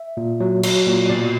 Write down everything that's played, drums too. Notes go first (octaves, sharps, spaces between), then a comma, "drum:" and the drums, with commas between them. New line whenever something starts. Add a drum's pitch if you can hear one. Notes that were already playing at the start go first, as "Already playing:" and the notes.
Already playing: E5
A#2
F#3
F#3, drum: cymbal
A#2
B2 D5